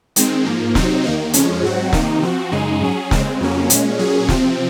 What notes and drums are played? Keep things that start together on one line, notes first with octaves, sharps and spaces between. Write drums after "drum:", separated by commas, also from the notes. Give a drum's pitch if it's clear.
D#3 G#3 C4, drum: hi-hat
G#2 F3 A#3
C3 F#3 C4 D#4, drum: snare
D#2 D#3 A#3 D#4
F2 C#3 F3 G#3 C#4, drum: hi-hat
G#2 F#3 C4 F#4
C3 D#3 A#3 D#4, drum: snare
F3 C4 F#4
F#2 C#3 G#3 D#4 G#4
G#2 F#3 C#4 G#4
C#3 G#3 C4, drum: snare
F2 C#3 F#3 A#3 C#4
A#2 G#3 C#4, drum: hi-hat
A#2 F#3 C#4 G#4
C3 F3 C4, drum: snare